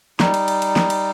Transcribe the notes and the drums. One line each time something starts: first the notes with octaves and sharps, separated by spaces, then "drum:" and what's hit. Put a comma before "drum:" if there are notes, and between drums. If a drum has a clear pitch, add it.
G3 D#4, drum: snare
drum: cymbal
drum: cymbal
drum: cymbal
drum: snare
drum: cymbal